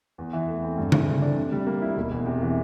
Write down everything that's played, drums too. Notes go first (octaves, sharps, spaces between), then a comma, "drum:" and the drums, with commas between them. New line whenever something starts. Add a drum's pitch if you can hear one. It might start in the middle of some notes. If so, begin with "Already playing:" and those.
E2
E3
A3
C4
G2
E3, drum: tom C#3
A3
D4
C3
G3
A#3
E4
E1
E2
C3
E3